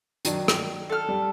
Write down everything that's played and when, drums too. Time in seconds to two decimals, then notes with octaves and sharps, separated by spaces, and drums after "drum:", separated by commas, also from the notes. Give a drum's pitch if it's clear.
0.25 D#3 F#3 D4, drum: hi-hat
0.48 drum: rim click
0.90 A4 F6
1.09 G3